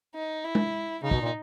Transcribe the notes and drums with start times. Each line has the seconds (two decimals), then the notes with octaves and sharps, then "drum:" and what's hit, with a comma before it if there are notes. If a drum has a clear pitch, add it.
0.15 D#4
0.44 E4
0.55 drum: tom G#3
1.03 C#3 D#4
1.11 B2, drum: kick
1.21 A#2